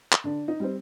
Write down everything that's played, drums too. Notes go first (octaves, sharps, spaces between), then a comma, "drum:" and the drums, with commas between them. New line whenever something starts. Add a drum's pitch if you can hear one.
drum: clap
D3 D4
D#4
G3 C4